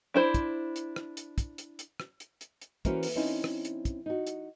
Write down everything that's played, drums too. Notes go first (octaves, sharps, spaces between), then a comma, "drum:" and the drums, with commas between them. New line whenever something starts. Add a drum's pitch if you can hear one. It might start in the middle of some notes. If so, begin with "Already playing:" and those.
D4 E4 C5
drum: kick, hi-hat
drum: hi-hat
drum: rim click
drum: hi-hat
drum: kick, hi-hat
drum: hi-hat
drum: hi-hat
drum: rim click
drum: hi-hat
drum: hi-hat
drum: hi-hat
E3 A#3 C#4 F#4 C5, drum: kick, hi-hat
drum: open hi-hat
C4 C#4 D#4 E4
drum: rim click
drum: hi-hat
drum: kick, hi-hat
D#4 F#4
drum: hi-hat